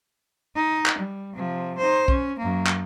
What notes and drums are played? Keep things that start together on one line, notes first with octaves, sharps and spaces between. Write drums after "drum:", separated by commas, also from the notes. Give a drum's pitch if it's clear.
D#4
drum: clap
G3
C3 F3
D#4 C5
C#4, drum: kick B1
F#2 A#3
drum: clap